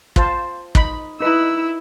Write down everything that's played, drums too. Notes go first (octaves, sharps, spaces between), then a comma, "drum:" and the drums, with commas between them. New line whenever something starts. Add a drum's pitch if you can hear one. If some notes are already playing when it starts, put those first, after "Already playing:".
F4 C5 A5, drum: kick
D#4 B5, drum: kick
D#4 E4 B4 E6